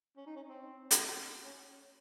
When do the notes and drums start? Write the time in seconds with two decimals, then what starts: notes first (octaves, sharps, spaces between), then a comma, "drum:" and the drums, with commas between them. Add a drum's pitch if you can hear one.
0.17 C#4
0.26 D#4
0.36 C#4
0.49 C4
0.91 drum: hi-hat
1.45 C#4